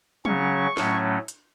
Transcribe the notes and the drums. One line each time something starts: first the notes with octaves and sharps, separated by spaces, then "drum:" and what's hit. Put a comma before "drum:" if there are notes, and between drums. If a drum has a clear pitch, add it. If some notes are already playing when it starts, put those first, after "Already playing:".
C#3 F#3 C#4 C#6, drum: tom
A2 F#3 A3 C#4, drum: snare
drum: hi-hat